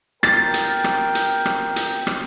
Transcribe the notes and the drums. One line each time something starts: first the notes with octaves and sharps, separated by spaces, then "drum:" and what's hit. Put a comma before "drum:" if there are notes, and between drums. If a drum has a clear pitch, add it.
A#4 G5 A6, drum: rim click
drum: hi-hat
drum: rim click
drum: hi-hat
drum: rim click
drum: hi-hat
drum: rim click